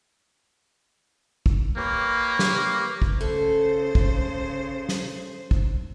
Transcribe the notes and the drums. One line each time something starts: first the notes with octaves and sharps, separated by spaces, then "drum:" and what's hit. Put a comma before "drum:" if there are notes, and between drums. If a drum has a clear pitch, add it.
drum: kick
A#3 G4 B4 C#5
drum: snare
drum: kick
C#3 A3 A4 C5
drum: kick
drum: snare
drum: kick